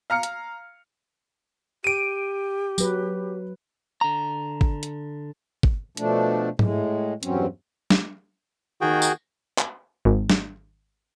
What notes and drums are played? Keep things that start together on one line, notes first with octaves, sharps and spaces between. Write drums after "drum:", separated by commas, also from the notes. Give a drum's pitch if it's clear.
F5 A#5 F6 C#7
drum: hi-hat
G4 D7 D#7
F#3 B4, drum: tambourine
D3 A#5
drum: kick
drum: hi-hat
drum: kick
B2 F3 A3 D4, drum: hi-hat
A2 G#3, drum: tom G#2
E2 G2 F#3 C4 C#4, drum: hi-hat
drum: snare
D#2 D#3 F#4 G#4 G5
drum: tambourine
drum: clap
G#1
drum: snare